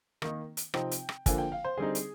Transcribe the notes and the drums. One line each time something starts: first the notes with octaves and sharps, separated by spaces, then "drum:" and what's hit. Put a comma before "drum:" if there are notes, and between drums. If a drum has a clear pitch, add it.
D#3 A#3 D#4, drum: rim click
drum: hi-hat
C3 F3 C4 D#4 G5, drum: rim click
drum: hi-hat
drum: rim click
D3 F3 A#3 G#5, drum: kick, hi-hat
G5
F5
C5
D3 G3 C4 D#4 G#4
drum: hi-hat